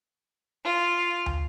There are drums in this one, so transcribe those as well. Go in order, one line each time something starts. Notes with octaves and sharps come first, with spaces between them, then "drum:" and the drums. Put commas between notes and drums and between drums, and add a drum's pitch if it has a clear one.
F4
drum: tom